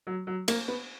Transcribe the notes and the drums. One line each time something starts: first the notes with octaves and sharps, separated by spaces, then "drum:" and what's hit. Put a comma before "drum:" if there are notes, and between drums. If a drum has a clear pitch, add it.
F#3
F#3
A#3, drum: cymbal
B3